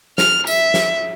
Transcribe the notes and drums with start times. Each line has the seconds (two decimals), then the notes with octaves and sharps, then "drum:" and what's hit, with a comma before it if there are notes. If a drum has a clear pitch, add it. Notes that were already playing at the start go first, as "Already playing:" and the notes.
0.18 F6, drum: snare
0.47 E5, drum: tambourine
0.74 drum: snare